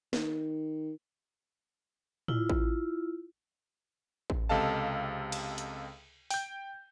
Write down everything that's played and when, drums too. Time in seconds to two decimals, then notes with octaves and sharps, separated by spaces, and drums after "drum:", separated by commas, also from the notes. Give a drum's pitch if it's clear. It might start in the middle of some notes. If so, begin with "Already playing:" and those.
0.13 D#3, drum: snare
2.28 E4 F4, drum: tom A2
2.50 drum: kick A1
4.30 drum: kick A1
4.49 C#2 C3 A4 D#5 F5 A5
5.32 drum: cymbal
5.58 drum: hi-hat
6.30 G5 G6, drum: open hi-hat